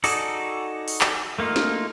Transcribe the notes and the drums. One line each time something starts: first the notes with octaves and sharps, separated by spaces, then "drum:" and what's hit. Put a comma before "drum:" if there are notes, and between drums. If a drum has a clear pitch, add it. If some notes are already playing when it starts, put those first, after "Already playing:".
D#4 F#4 G#4 A4 D5, drum: open hi-hat
drum: open hi-hat
drum: clap
A3 A#3 D#4 F4
drum: snare